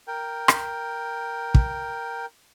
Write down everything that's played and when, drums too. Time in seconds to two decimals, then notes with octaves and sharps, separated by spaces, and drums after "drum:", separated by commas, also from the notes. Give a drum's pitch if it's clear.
0.08 A#4 G5
0.48 drum: rim click
1.55 drum: kick